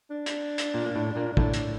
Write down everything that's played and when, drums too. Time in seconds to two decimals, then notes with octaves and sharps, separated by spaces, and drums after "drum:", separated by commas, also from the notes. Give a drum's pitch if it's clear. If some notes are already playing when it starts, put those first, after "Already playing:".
0.10 D4
0.26 drum: hi-hat
0.58 drum: hi-hat
0.74 A#2 A#3
0.86 A#3
0.95 A2 A3
1.16 A#2 A#3
1.37 A2 A3 D4, drum: kick
1.54 drum: hi-hat